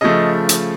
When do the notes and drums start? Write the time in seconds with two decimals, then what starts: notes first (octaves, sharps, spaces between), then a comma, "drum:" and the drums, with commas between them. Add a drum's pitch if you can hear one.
0.01 C#3 F3 A3 D#5
0.49 drum: hi-hat